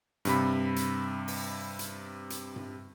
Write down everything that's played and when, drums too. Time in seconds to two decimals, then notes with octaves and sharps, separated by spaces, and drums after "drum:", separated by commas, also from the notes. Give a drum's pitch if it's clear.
0.25 G2 C3 B5, drum: hi-hat
0.76 drum: hi-hat
1.28 drum: open hi-hat
1.79 drum: hi-hat
2.30 drum: hi-hat
2.56 drum: tom G2